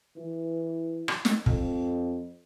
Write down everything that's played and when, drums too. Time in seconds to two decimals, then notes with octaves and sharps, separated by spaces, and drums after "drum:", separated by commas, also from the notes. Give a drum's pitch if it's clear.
0.16 E3
1.08 drum: rim click
1.25 drum: snare
1.46 F2, drum: kick